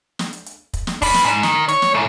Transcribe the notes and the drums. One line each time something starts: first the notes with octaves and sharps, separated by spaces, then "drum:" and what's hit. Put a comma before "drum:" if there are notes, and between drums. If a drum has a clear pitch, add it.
drum: snare
drum: hi-hat
drum: hi-hat
drum: kick, hi-hat
drum: snare
D4 B4, drum: kick, open hi-hat
drum: snare
G#2
D#3, drum: snare
C#5, drum: hi-hat
drum: snare
G#2 A3